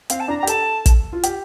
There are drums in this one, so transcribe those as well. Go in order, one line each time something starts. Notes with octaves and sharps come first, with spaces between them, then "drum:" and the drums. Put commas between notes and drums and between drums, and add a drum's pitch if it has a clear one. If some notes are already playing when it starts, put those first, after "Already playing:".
C4 F5, drum: hi-hat
A5
D4 A#5
G4 A#5
A4 A5, drum: hi-hat
drum: kick, hi-hat
F4
G4, drum: hi-hat